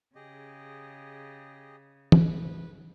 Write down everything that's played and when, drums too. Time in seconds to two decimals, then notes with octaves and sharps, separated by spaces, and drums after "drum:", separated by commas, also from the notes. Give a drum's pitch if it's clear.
0.15 C#3 G4 G#4 D#5
2.12 B4, drum: tom